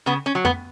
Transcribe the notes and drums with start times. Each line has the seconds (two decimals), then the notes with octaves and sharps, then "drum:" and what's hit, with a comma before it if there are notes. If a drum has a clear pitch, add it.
0.06 C#3 B3
0.26 C#4
0.35 F#3
0.45 B3, drum: tom F2